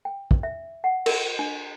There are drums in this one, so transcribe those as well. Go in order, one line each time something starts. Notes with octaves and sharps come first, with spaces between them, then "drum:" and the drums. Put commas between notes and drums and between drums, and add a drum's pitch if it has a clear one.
G5
drum: kick
E5
F#5
A#4, drum: cymbal
D4